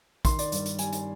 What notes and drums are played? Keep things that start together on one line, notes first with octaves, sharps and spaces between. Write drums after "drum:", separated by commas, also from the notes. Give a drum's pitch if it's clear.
D#3 C6, drum: kick, hi-hat
D5, drum: hi-hat
G2, drum: hi-hat
drum: hi-hat
G3 G#5, drum: hi-hat
drum: hi-hat